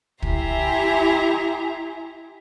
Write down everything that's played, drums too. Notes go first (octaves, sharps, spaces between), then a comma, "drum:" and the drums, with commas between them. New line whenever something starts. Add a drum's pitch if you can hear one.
E4 G4 E5 G#5 A#5 C6, drum: kick